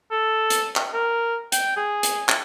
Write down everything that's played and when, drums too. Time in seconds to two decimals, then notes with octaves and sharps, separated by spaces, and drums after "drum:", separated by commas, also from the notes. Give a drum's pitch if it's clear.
0.11 A4
0.50 drum: hi-hat
0.76 drum: clap
0.94 A#4
1.52 G5, drum: hi-hat
1.76 G#4
2.03 drum: hi-hat
2.29 drum: clap